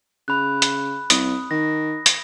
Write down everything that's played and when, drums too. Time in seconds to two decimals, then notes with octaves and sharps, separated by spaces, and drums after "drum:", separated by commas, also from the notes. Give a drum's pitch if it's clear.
0.28 C#3 B5 F#6
0.62 drum: hi-hat
1.10 C2 D#6, drum: hi-hat
1.51 D#3 A#6
2.06 drum: hi-hat